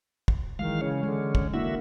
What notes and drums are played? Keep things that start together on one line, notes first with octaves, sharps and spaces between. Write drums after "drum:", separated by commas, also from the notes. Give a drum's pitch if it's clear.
drum: kick
D#3 E3 F#3 G#3 F5
C#3 C#4
D3 G#3
drum: kick
D3 A#3 E4 F#4 E5